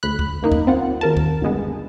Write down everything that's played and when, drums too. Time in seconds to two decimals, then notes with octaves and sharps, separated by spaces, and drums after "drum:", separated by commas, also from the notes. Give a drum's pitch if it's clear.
0.03 D2 B5 F#6
0.19 drum: kick
0.42 F#2 A#3 D#4
0.52 drum: kick
0.67 C4 F4 F#5
1.01 D#2 A#4 A5
1.17 drum: kick
1.42 G1 G2 G#3 B3